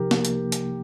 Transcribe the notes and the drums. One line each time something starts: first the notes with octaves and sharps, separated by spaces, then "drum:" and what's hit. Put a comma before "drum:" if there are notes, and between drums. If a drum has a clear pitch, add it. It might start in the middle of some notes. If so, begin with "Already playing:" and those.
Already playing: C2 C3 F3 D#4 G4 A#4
A#3, drum: snare
drum: hi-hat
drum: hi-hat